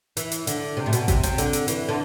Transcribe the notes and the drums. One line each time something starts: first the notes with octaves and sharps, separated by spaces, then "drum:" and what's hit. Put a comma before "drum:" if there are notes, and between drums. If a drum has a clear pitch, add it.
E3, drum: hi-hat
drum: hi-hat
D3, drum: hi-hat
C3
A2
B2, drum: hi-hat
C3, drum: kick A1, hi-hat
C3, drum: hi-hat
D3, drum: hi-hat
drum: hi-hat
E3, drum: hi-hat
D3